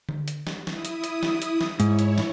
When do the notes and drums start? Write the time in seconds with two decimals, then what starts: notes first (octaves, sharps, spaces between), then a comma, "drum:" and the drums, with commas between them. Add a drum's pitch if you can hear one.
0.09 drum: tom D3
0.28 drum: hi-hat
0.47 drum: snare
0.67 E4 D#6, drum: snare
0.85 drum: hi-hat
1.04 drum: hi-hat
1.23 drum: snare
1.42 drum: hi-hat
1.61 drum: snare
1.80 G#2 E4 C#5, drum: hi-hat
1.99 drum: hi-hat
2.18 drum: snare